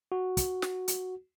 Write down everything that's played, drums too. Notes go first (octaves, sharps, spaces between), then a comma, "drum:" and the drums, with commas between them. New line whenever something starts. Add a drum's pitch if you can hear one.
F#4
drum: kick, hi-hat
drum: snare
drum: hi-hat